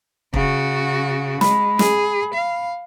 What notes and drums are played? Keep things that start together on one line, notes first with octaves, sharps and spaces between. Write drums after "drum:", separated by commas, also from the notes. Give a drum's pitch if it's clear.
C#3 F#4, drum: kick
G#3 B5, drum: snare
G#4, drum: snare
F5